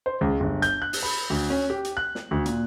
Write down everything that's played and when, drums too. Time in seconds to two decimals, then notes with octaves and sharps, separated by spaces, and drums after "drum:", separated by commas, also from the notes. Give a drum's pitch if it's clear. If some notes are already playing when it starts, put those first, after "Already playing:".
0.06 C5
0.21 C#2
0.40 G1
0.62 G6, drum: hi-hat
0.82 F#6
0.93 drum: open hi-hat
1.03 B5
1.30 D2
1.50 C#4
1.70 G4
1.85 drum: hi-hat
1.97 F#6
2.15 drum: snare
2.31 D2
2.46 A#2, drum: hi-hat